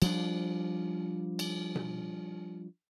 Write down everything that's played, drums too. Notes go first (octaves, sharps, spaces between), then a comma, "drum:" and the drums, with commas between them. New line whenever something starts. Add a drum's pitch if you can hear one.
F3 G3 D4, drum: cymbal
drum: cymbal
drum: tom B2